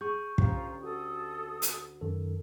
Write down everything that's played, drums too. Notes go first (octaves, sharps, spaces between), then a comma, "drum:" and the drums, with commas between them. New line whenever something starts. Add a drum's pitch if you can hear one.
G#4 C#6 G6
D2 C#4 F4 G4 C5 A#5, drum: kick
F#4 A4 D#6
drum: hi-hat
F#2 D#3 A4